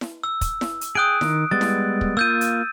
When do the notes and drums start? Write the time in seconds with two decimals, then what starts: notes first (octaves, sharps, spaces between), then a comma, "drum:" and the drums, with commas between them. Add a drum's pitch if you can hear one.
0.01 drum: snare E4
0.23 E6
0.41 drum: kick, hi-hat
0.61 drum: snare E4
0.81 drum: hi-hat
0.95 G#4 G5 D#6 F#6 D7
1.21 D#3, drum: snare E4
1.51 G3 G#3 B3 A6
1.61 drum: snare E4
2.01 drum: kick
2.17 A#3 F4 E6 G6 D#7
2.41 drum: hi-hat